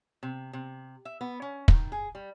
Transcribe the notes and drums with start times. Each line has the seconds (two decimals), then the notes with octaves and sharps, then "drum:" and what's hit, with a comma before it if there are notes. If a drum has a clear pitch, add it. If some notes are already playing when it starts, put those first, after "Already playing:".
0.23 C3
0.53 C3
1.05 E5
1.21 B3
1.42 C#4
1.68 D#3, drum: kick
1.92 G#4
2.15 G3